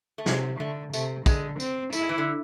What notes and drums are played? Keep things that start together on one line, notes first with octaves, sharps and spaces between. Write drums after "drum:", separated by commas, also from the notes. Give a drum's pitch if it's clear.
A3
C3 G#3, drum: snare
D3 A3
C3 A3, drum: tambourine
D3 G#3, drum: kick, tambourine
C4, drum: tambourine
A3 E4, drum: tambourine
G#3
E3
D3